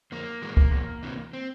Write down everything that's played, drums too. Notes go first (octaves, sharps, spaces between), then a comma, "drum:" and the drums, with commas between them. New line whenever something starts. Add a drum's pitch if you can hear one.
F2 A#3
E3 G#3
drum: kick
E2
C3 E3
C4